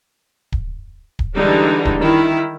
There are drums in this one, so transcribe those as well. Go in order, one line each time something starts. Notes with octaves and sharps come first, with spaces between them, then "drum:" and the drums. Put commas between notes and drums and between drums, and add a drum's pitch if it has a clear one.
drum: kick D1
drum: kick D1
D3 E3 G3 G#3 D4 D#4
drum: kick D1
D#3 E4